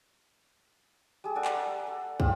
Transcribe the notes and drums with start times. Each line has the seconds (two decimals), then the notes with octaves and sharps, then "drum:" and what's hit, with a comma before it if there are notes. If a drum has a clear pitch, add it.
1.24 G3 G#4
1.36 A4 D5 F#5 G#5
1.45 drum: clap
1.56 A#5
1.87 A4
2.20 G3 C4 F4 F5, drum: kick